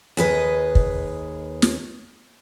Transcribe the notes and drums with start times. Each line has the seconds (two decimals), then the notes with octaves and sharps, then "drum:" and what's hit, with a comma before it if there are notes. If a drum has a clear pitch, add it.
0.17 D#2 G#4 B4 D#5
0.75 drum: kick
1.62 drum: snare